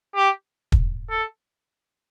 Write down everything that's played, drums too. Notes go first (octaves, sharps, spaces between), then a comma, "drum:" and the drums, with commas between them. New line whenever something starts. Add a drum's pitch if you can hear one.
G4
drum: kick
A4